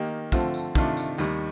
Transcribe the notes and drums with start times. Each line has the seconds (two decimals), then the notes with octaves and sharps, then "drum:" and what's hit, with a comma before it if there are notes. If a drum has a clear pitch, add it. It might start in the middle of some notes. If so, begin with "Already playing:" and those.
Already playing: D#3 A#3 D#4 G4
0.32 D3 F3 A3 C4 F4, drum: kick, tambourine
0.54 drum: tambourine
0.75 C3 D#3 A3 D4 F4, drum: kick, tambourine
0.97 drum: tambourine
1.18 D#2 D#3 G3, drum: tambourine